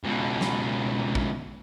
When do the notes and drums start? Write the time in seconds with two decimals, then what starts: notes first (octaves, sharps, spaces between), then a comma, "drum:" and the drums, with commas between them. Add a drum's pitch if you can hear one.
0.04 C#2 B2
0.41 drum: snare
1.15 drum: kick